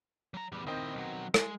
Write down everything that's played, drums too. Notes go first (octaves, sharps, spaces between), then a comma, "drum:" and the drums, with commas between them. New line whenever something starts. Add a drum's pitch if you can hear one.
F#3 A#5
E2 G3
D#3 C4 E4 D#5 G5
B1 F#3
G#3, drum: rim click